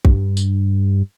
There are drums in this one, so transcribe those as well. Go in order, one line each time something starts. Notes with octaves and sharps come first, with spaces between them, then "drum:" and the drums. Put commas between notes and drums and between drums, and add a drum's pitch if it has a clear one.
G2, drum: kick
drum: tambourine